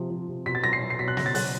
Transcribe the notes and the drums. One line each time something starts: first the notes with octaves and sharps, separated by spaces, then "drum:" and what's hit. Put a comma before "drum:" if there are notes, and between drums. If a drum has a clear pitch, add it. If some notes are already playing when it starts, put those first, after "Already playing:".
Already playing: C3 F3
F3
C3
B2 B6
A6
F#3 A#6
C7
F#3
C7
B2 B6
F#6
C#3 A#6, drum: snare
A6
F#3 F#6, drum: open hi-hat